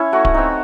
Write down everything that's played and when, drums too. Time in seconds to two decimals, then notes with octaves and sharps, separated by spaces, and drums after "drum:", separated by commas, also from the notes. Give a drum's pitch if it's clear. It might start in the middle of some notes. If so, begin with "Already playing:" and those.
Already playing: C#4 E4 C#5
0.12 A3 F#4
0.25 drum: kick D1
0.34 C4 D#4